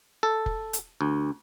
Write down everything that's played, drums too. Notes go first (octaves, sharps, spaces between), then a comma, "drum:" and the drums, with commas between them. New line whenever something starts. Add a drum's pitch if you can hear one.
A4
drum: kick F1
drum: hi-hat
D2